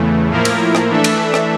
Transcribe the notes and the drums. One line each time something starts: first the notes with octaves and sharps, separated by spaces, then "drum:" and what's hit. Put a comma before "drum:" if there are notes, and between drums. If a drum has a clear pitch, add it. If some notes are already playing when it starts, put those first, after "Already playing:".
Already playing: E2 C#3 E3 A3
A2 F3 A#3 E4 A#4
drum: cymbal
drum: rim click
E3 A3 D4 A4 E5
drum: cymbal
drum: rim click